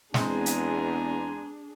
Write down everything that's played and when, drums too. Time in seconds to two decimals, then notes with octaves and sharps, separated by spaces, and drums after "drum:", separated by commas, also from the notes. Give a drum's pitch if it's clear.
0.14 E2 G#3 B3 C4 D4 G#4 G#5 A#5, drum: snare
0.46 drum: hi-hat